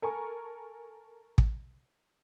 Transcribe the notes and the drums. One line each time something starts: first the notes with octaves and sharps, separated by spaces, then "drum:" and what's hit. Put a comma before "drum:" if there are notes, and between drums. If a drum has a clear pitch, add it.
A4 A#4 G#5 A#5 C#6
drum: kick